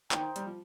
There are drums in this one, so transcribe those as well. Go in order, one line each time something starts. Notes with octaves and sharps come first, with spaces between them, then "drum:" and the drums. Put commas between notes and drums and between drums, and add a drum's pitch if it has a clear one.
D#3 D#4 C5 G5, drum: clap
G3, drum: hi-hat
F3